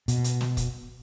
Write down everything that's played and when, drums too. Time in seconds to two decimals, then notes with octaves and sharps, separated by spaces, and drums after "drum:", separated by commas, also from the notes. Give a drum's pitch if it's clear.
0.08 B2, drum: hi-hat
0.24 drum: hi-hat
0.41 drum: snare
0.57 drum: kick, hi-hat